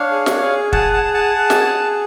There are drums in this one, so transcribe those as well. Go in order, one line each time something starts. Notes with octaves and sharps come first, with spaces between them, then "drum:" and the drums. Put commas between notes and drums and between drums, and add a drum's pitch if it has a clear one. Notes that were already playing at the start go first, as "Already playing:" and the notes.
Already playing: D4 C#5 F5
G#4
drum: snare
G#4
G#4 F#5 A5, drum: kick
F#5 A5
G#4
F#5 A5
G#4
drum: snare
G#4